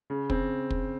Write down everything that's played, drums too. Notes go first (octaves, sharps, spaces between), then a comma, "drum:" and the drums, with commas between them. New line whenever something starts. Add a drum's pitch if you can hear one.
C#3
C4, drum: kick
drum: kick